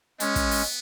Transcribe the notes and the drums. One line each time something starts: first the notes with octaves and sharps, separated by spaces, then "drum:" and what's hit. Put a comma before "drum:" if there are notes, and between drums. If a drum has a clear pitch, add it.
G#3 B3 C#4, drum: hi-hat
drum: kick, hi-hat
drum: open hi-hat